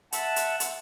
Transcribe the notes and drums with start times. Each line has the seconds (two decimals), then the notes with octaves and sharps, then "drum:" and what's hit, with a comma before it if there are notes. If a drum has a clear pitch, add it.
0.12 E5 F#5 A5, drum: hi-hat
0.36 drum: hi-hat
0.60 drum: hi-hat